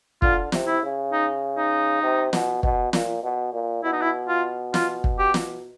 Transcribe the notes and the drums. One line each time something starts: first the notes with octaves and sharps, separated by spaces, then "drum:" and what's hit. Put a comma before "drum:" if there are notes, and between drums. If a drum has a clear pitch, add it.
D3 F4, drum: kick
C3, drum: snare
E4
C#3
D#4
D#4
C3
B2, drum: snare
B2, drum: kick
A#2, drum: snare
B2
A#2
B2 E4
D#4
E4
F4
F4, drum: snare
drum: kick
G4
drum: snare